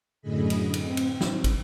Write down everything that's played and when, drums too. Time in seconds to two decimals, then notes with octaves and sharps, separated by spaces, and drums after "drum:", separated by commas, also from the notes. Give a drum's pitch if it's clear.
0.22 F#2 A2 D3 G#4 D#5 B5
0.50 drum: cymbal
0.74 C4, drum: cymbal
0.97 drum: cymbal
1.21 drum: snare
1.44 drum: kick, cymbal